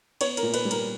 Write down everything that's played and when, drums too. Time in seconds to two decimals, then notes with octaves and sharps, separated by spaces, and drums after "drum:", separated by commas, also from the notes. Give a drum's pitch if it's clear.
0.21 B3 C#5, drum: cymbal
0.37 A#4, drum: cymbal
0.43 A#2
0.54 B4, drum: cymbal
0.65 G3
0.71 A#4, drum: cymbal